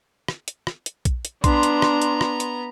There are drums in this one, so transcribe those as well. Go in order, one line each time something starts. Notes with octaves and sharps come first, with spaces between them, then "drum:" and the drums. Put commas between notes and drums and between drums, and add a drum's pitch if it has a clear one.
drum: rim click
drum: hi-hat
drum: rim click
drum: hi-hat
drum: kick A#1, hi-hat
drum: hi-hat
B3 D4 A#5 C6, drum: kick A#1, hi-hat
drum: hi-hat
drum: rim click
drum: hi-hat
drum: rim click
drum: hi-hat